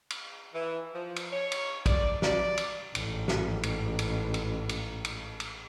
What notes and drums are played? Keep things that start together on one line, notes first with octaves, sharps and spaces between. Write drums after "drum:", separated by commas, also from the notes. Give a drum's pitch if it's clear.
drum: cymbal
E3
F3
drum: cymbal
C#5
drum: cymbal
D5, drum: kick, cymbal
D5, drum: snare
drum: cymbal
A1 G#2, drum: cymbal
drum: snare
drum: cymbal
drum: cymbal
drum: cymbal
drum: cymbal
drum: cymbal
drum: cymbal